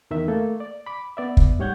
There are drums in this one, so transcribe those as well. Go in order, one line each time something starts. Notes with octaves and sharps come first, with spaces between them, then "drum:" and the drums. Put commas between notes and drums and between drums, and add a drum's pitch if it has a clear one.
E2 D#3 E5
A3 A#3 A4
D5
B5 D6
B3 D5 E5
drum: kick
G#2 G3 C#5 F#5 G6 G#6